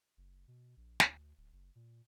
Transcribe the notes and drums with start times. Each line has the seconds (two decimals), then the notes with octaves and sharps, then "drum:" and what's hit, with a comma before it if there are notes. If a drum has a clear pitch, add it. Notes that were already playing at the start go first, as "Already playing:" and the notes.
0.17 F#1
0.48 B2
0.77 A#1
1.00 D2, drum: snare
1.37 D1
1.52 F#1
1.75 A#2